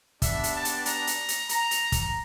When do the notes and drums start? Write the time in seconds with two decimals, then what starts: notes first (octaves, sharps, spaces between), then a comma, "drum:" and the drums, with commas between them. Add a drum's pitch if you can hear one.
0.22 B3 D4 G4 E5, drum: kick, hi-hat
0.44 drum: hi-hat
0.54 A5
0.65 drum: hi-hat
0.85 A#5, drum: hi-hat
1.07 drum: hi-hat
1.28 drum: hi-hat
1.49 A#5, drum: hi-hat
1.71 drum: hi-hat
1.92 drum: kick, hi-hat